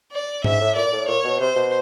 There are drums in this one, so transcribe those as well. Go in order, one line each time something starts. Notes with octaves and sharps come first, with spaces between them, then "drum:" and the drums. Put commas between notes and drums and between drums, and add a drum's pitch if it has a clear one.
D5
G#2 E5, drum: tom G#2
A2
A#2 D5
A2
A#2 C#5
B2
C3 C5
B2